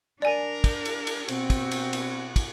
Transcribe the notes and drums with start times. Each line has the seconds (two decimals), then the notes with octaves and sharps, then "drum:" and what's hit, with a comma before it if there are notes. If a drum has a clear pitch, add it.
0.22 D4 A#4 D5 G#5
0.64 drum: kick, cymbal
0.85 drum: cymbal
1.07 drum: cymbal
1.28 B2 C4 F#4, drum: cymbal
1.50 drum: kick, cymbal
1.71 drum: cymbal
1.93 drum: cymbal
2.36 drum: kick, cymbal